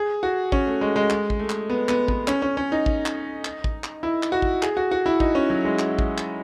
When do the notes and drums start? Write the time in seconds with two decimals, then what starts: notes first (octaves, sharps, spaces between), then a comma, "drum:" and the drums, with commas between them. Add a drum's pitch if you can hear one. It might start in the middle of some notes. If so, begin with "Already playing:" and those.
Already playing: G#4
0.23 F#4
0.52 C#4, drum: kick A1
0.67 A3
0.81 G#3
0.96 G#3
1.10 G#3, drum: clap
1.30 drum: kick A1
1.39 A3
1.50 drum: clap
1.70 B3
1.89 B3, drum: clap
2.08 B3, drum: kick A1
2.28 C#4, drum: clap
2.42 C#4
2.57 C#4
2.72 D#4
2.86 drum: kick A1
3.06 drum: clap
3.45 drum: clap
3.64 drum: kick A1
3.84 drum: clap
4.03 E4
4.23 drum: clap
4.32 F#4
4.42 drum: kick A1
4.62 G#4, drum: clap
4.77 F#4
4.91 F#4
5.06 E4
5.20 D#4, drum: kick A1
5.35 C#4
5.50 F#3
5.65 G#3
5.79 drum: clap
5.99 drum: kick A1
6.18 drum: clap